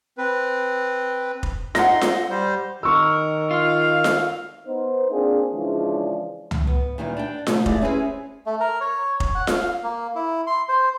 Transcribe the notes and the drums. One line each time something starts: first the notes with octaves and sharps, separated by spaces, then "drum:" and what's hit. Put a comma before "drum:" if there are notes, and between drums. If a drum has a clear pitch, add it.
C4 B4
drum: kick F1
D#4 F#5 C6 A#6, drum: snare F4
drum: snare F4
G3 C5
D#3 A#4 C#6 E6
F4 F5
drum: snare F4
B3 D#4 C5
A#3 C4 D4 F4 G#4
C#3 E3 F3 G#3 C#4 D4
drum: tom C#2
B3
A#2 D#3 E3 G3
D4 G5
F2 C3 D#3 G#3 A3 D#4, drum: snare F4
E3 G#3 A3 E4 D5, drum: kick F1
C4 C#4 E4 G#4 A4 B4
A3
A#4
C#5
C#5, drum: kick F1
F#5
F5, drum: snare F4
A#3
E4
C6
C5